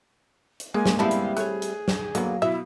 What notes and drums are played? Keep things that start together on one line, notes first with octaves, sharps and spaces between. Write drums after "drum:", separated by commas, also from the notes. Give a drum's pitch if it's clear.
drum: hi-hat
G#3 A#3 G#4 G#5
drum: snare
G3 B3 C4 E4 F5 A5
drum: hi-hat
A3 G#4 C#5 F#6, drum: hi-hat
drum: hi-hat
drum: snare
D3 F#3 A#3 B3, drum: hi-hat
B2 E4 E5